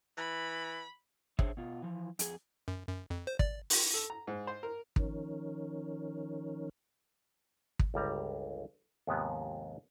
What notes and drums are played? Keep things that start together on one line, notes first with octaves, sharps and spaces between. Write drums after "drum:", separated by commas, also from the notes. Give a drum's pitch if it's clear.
E3 B5
D4 G#4 C5 C#5 E5, drum: kick
B2 F4
E3 F3
F2 G#4, drum: hi-hat
F#2
F#2
F2
C5
D5, drum: kick
drum: open hi-hat
A4
A#5
G#2
C5
A#4
D#3 F3 C#4 D#4 A#4 C#5, drum: kick
drum: kick
G1 C#2 G3 A#5
D#2 G#2 C3 F3 G#3 B3